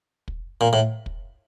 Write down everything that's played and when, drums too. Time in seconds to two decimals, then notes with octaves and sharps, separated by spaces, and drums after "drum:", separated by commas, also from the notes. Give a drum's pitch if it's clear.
0.28 drum: kick
0.61 A#2
0.73 A2
1.06 drum: kick